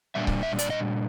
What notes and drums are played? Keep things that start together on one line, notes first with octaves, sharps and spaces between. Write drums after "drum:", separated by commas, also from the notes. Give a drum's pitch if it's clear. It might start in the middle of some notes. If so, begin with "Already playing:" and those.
A#2 G3 D4 E5
drum: kick C#1
E5
D5, drum: hi-hat
D#5